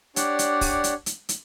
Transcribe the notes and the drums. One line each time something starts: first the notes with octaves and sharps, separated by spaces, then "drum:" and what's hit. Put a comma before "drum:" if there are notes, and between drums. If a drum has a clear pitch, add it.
D4 G4 C#5 D5 F#5, drum: hi-hat
drum: hi-hat
drum: kick, open hi-hat
drum: hi-hat
drum: hi-hat
drum: hi-hat